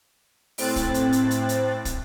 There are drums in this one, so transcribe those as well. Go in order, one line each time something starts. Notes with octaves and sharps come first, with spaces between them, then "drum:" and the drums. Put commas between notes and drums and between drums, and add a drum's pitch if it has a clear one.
A2 C4 F#6 A6, drum: open hi-hat
drum: kick, hi-hat
drum: hi-hat
drum: hi-hat
drum: hi-hat
drum: hi-hat
drum: kick, hi-hat